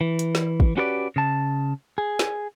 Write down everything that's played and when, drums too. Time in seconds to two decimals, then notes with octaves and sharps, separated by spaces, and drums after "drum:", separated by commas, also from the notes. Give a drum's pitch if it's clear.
0.01 E3
0.19 drum: hi-hat
0.35 drum: snare
0.60 drum: kick
0.77 C#4 F#4 G4 B4 C5 D5
1.16 C#3 A5
1.98 G#4
2.19 drum: snare